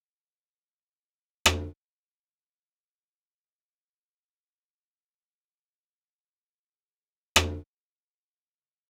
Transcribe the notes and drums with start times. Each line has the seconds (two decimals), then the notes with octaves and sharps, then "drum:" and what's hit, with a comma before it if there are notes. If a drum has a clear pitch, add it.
0.18 E2
1.46 drum: rim click
2.26 D3
3.45 D#5
4.29 D5
4.99 A4
6.53 F4
6.72 G4 G#4
7.36 drum: rim click
8.57 C3 D#3 F#3